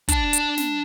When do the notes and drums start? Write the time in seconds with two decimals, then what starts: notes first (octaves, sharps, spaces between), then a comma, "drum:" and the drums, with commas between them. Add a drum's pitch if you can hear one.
0.08 D4 A5, drum: kick, hi-hat
0.33 drum: hi-hat
0.58 drum: snare